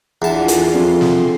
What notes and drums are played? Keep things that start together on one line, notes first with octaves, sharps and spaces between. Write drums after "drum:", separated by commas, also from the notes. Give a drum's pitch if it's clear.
E2 E3 D4 F4 A5
drum: hi-hat
F2 C6
drum: snare